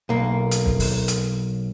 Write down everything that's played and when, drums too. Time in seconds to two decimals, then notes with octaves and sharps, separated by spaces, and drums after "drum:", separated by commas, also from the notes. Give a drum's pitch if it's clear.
0.09 B1 A#3
0.51 drum: hi-hat
0.66 drum: kick
0.80 drum: open hi-hat
1.08 drum: hi-hat